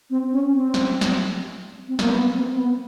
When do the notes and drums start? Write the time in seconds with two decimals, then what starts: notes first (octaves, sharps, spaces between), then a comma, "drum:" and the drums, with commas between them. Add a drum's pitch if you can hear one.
0.10 C4
0.32 C#4
0.54 C4
0.74 drum: snare
1.01 drum: snare
1.88 C4
1.99 A#3, drum: snare
2.10 B3
2.33 C4
2.55 B3